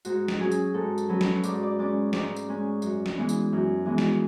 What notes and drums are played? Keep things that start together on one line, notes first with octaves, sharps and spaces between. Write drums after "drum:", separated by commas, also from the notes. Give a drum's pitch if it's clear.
G#2 F#4, drum: tambourine
drum: snare
F#3 C#4 G#4
drum: tambourine
G#2 A4
drum: tambourine
F#3 C#4 B4
drum: snare
G#2 D5, drum: tambourine
D5
G#3 C#4 D5
G#2 D5, drum: snare
drum: tambourine
G#3 C#4
F#2, drum: tambourine
drum: snare
E3 G#3 B3
drum: tambourine
F#2
E3 G#3 B3
drum: snare